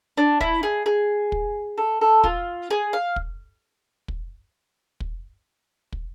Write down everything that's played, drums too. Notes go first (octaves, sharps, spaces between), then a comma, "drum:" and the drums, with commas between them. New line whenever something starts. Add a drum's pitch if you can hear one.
D4
E4, drum: kick
G#4
G#4
drum: kick
A4
A4
F4, drum: kick
G#4
F5
drum: kick
drum: kick
drum: kick
drum: kick